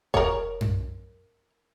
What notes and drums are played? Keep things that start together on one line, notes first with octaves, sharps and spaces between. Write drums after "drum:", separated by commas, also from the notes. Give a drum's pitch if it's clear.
A#4 C#5, drum: kick F1
drum: tom F#2